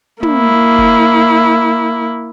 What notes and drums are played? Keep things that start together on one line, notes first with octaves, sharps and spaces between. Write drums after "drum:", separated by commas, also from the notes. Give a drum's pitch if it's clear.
A#3 E4, drum: tom
drum: kick F1